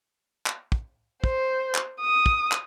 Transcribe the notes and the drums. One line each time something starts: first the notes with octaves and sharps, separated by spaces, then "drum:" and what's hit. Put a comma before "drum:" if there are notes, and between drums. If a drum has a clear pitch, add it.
drum: clap
drum: kick
C5, drum: kick
drum: clap
D#6
drum: kick
drum: clap